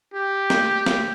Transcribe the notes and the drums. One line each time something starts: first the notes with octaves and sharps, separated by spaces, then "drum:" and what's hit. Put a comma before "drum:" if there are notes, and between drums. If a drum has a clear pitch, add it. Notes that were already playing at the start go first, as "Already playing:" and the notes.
G4
drum: snare
drum: snare